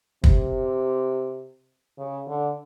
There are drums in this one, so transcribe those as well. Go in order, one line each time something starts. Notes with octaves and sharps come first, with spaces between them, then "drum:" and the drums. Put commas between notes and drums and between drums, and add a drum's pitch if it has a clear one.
C3, drum: kick
C#3
D3